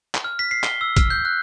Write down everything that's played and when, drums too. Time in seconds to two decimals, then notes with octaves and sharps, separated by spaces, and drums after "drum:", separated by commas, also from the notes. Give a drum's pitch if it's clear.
0.15 drum: clap
0.24 F6
0.39 B6
0.51 C7
0.64 G7, drum: clap
0.81 E6
0.97 F6, drum: kick, hi-hat
1.10 G6
1.25 F#6